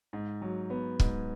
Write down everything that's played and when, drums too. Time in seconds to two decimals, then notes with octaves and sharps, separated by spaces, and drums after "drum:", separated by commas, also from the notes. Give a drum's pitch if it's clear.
0.13 G#2
0.42 F#3
0.70 B3
1.00 G#2, drum: kick